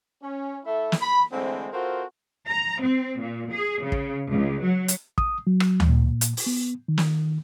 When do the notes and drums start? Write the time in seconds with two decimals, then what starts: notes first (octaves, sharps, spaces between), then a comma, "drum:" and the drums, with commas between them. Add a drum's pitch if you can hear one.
0.23 C#4
0.65 A3 E4 A4 E5
0.92 drum: snare
1.02 B5
1.33 D3 E3 G#3 A3 C4
1.73 C4 F4 F#4 A4 A#4 C5
2.47 A#5
2.81 C4
3.20 A#2
3.52 G#4
3.81 C#3
3.92 drum: kick
4.30 C#2
4.63 F#3
4.88 drum: hi-hat
5.18 D#6, drum: kick
5.47 F#3
5.60 drum: rim click
5.80 drum: tom D2
5.89 A#2
6.21 drum: hi-hat
6.37 drum: open hi-hat
6.46 B3
6.88 D#3
6.98 drum: snare